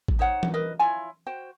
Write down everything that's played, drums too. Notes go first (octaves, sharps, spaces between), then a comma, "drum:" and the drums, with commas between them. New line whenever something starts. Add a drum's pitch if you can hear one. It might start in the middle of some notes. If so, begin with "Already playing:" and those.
drum: kick A1
D#4 C5 C#5 F#5
drum: tom E3
A#4 B4 D#5
E4 F4 C#5 G#5
F#4 C5 G5